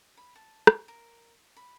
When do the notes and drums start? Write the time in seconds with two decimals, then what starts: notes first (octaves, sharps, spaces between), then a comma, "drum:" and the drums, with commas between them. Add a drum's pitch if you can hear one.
0.17 B5
0.36 A5
0.67 drum: rim click
0.88 A#4
1.57 B5